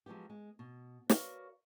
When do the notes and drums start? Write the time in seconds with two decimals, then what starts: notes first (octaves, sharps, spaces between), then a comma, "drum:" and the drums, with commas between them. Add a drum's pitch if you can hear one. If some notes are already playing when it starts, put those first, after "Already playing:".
0.06 F3 F#3 G#3 B3 G4
0.30 G#3
0.59 B2
1.10 F#4 A#4 B4 C#5 D5 F5, drum: snare